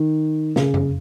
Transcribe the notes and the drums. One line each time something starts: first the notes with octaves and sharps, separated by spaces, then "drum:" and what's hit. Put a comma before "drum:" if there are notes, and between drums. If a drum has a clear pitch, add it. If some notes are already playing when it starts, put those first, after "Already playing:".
Already playing: D#3
C#3, drum: snare
drum: tom F2